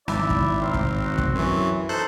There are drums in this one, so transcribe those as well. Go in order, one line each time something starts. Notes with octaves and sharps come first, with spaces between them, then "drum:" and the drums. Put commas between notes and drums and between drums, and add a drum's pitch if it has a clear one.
G#1 E4 D5, drum: snare
drum: kick
C4 A#4
drum: kick
F#4
drum: kick
F#2 E3 C#5
D#4 A4 C5 F#6